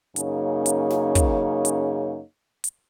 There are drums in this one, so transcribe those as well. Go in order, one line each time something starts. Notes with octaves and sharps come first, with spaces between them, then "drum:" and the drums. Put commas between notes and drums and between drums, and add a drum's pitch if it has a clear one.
F#2 C#3 A#3 D#4 G#4 C#5, drum: hi-hat
drum: hi-hat
drum: snare
drum: kick, hi-hat
drum: hi-hat
drum: hi-hat